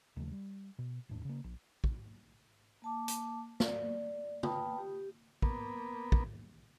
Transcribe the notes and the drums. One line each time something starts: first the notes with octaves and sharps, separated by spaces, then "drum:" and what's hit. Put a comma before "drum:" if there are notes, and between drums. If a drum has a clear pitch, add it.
D#2 C#3 F3 A3
G3
B2
D#1 E2 A2 D4
C#3 A#3
A#1
drum: kick
A#3 A5 D6
drum: hi-hat
D5, drum: snare
F4 B4 G5 A5 B5 D#6, drum: tom
G4
A#3 B3, drum: kick
drum: kick